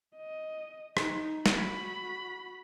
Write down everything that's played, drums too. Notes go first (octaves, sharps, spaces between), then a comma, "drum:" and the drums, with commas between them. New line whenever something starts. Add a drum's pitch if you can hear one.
D#5
D#4, drum: rim click
F#4 B5, drum: snare